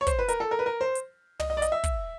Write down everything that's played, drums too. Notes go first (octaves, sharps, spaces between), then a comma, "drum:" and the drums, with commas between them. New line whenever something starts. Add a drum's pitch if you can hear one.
C#5
C5, drum: kick, hi-hat
B4
A#4, drum: hi-hat
A4
A#4
B4
A#4
C5
drum: hi-hat
D#5, drum: tom
D#5
D5
D#5, drum: hi-hat
E5
drum: kick, hi-hat